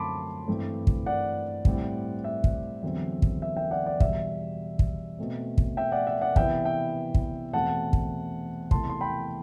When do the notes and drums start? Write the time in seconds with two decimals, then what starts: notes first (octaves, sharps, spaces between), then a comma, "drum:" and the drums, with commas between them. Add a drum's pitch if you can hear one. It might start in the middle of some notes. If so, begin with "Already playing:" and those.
Already playing: F#2 D3 A3 C4 A5 B5 C6 D6
0.47 G2 E3 A3 C4
0.87 drum: kick
1.06 D5 F#5
1.65 A2 G3 C4, drum: kick
2.24 E5
2.44 drum: kick
2.83 E2 D3 F#3 C4
3.22 drum: kick
3.42 E5
3.57 E5 G5
3.71 D5 F#5
3.86 D5
4.00 E2 B2 G3 E5, drum: kick
4.79 drum: kick
5.18 B2 A3 C4
5.58 drum: kick
5.77 E5 G5
5.92 D5 F#5
6.07 E5
6.21 D5 F#5
6.36 C3 E3 B3 E5 G5, drum: kick
6.65 E5 G5
7.14 drum: kick
7.53 E2 B2 A3 C4 F#5 A5
7.93 drum: kick
8.71 E2 C3 E3 A3 A5 C6, drum: kick
8.89 C6
9.01 G5 B5